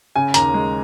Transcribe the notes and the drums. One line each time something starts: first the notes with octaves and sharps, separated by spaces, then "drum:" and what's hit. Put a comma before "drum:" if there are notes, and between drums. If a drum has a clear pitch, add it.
C#3 G#5
D#2 A#5, drum: hi-hat
G#3